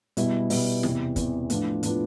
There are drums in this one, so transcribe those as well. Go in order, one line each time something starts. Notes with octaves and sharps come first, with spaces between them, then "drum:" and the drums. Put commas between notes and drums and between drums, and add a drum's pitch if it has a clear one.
B2 G3 B3 E4, drum: hi-hat
B2 G3 B3 E4, drum: open hi-hat
E2 C3 E3, drum: snare
E2 C3 E3, drum: kick, hi-hat
A2 F3 B3 D4 F4, drum: hi-hat
A2 F3 B3 D4 F4, drum: hi-hat